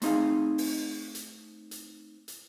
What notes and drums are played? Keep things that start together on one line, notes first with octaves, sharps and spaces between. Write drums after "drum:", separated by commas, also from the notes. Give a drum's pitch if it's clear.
A3 C4 D#4 G#4 F5, drum: hi-hat
drum: open hi-hat
drum: hi-hat
drum: hi-hat
drum: hi-hat